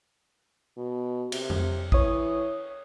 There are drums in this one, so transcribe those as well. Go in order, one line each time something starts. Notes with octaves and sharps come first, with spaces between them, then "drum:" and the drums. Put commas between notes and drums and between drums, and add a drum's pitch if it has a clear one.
B2
C3, drum: cymbal
drum: tom F2
E3 C#5 D#6, drum: kick A1